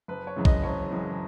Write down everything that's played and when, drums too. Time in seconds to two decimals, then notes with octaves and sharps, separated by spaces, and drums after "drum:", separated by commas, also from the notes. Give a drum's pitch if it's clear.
0.08 F#1 B4
0.27 C#5
0.36 F#2 C#3 E3 G#3
0.45 D#5, drum: kick A#1
0.63 F#1 C#5
0.91 F#2 C#3 E3 G#3